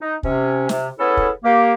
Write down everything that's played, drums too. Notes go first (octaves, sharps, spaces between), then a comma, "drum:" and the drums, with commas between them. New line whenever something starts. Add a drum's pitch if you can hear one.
D#4
C3 C#4, drum: kick
C3, drum: snare
B3 C#4 E4 G#4 A4
drum: kick
A#3 G4